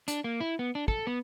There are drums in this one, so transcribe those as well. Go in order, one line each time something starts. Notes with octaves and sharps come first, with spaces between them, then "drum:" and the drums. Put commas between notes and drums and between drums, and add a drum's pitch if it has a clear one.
D4, drum: hi-hat
A#3
E4
B3
D4
A4, drum: kick
B3